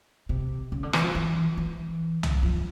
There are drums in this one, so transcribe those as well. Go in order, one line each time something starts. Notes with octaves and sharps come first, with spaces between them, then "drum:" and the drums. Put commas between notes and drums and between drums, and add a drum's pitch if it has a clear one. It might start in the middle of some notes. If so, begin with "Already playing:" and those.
C3
C#3
D3
E3, drum: rim click
F3
E3
E3
drum: tom C2
F3